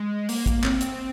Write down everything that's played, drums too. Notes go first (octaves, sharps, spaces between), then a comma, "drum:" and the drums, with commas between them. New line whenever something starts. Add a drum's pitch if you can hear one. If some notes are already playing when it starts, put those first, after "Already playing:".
Already playing: G#3
A#3, drum: open hi-hat
drum: kick, hi-hat
C4, drum: clap
drum: hi-hat